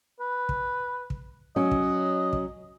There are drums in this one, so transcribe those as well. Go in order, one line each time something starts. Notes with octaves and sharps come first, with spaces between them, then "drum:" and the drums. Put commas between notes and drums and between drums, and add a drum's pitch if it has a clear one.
B4
drum: kick
drum: kick
F#3 C#4 D#5
drum: kick
drum: kick